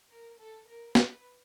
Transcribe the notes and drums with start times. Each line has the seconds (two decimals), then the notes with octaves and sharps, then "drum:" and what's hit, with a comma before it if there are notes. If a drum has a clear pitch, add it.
0.11 A#4
0.39 A4
0.68 A#4
0.95 B4, drum: snare